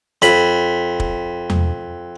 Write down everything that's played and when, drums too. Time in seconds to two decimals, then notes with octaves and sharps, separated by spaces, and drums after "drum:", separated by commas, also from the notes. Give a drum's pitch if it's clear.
0.22 F2 B5, drum: hi-hat
1.00 drum: kick
1.50 drum: tom E2